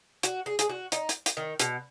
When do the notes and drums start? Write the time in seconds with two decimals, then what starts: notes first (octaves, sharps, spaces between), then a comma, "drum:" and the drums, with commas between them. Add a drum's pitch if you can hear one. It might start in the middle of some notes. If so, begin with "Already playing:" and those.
0.23 F#4, drum: hi-hat
0.46 G#4
0.59 G#4, drum: hi-hat
0.69 F#4
0.92 D#4, drum: hi-hat
1.09 drum: hi-hat
1.26 drum: hi-hat
1.37 D#3
1.60 B2, drum: hi-hat